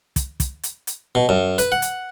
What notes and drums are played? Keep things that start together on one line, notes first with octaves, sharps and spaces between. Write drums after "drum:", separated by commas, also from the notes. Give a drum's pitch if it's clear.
drum: kick, hi-hat
drum: kick, hi-hat
drum: hi-hat
drum: hi-hat
B2
F#2
B4, drum: hi-hat
F#5
drum: hi-hat